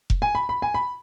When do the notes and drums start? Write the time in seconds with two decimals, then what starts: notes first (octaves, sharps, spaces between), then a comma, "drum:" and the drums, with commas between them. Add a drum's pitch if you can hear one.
0.10 drum: kick F1
0.22 G#5
0.35 B5
0.49 B5
0.62 G#5
0.74 B5